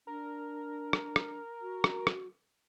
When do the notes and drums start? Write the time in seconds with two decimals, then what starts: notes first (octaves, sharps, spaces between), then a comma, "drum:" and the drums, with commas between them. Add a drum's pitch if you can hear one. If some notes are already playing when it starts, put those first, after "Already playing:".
0.07 D4 A#4
0.93 drum: rim click
1.16 drum: rim click
1.61 F#4
1.84 drum: rim click
2.07 drum: rim click